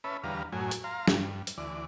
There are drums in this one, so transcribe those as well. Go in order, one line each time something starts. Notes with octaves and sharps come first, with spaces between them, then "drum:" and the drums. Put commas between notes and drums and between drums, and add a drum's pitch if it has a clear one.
C#4 B4 E5 A5 B5
E2 D3 G3 B4 F5 A#5
F#2 A2 F#3 G#5
drum: hi-hat
F5 A#5 C6
G2, drum: snare
drum: hi-hat
D2 E3 D5